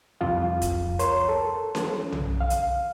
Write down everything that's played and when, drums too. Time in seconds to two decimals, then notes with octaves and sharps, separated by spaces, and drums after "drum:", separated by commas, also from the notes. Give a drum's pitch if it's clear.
0.21 C2 F2 F4 F5
0.62 drum: kick, hi-hat
0.99 A#4 C#5 C6, drum: hi-hat
1.29 A4
1.75 drum: snare C#4
2.12 drum: tom B1
2.41 F5
2.50 drum: hi-hat